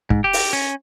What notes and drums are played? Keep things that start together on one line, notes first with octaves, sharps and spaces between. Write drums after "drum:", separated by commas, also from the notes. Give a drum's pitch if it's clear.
G#2, drum: kick
G4
drum: open hi-hat
C#4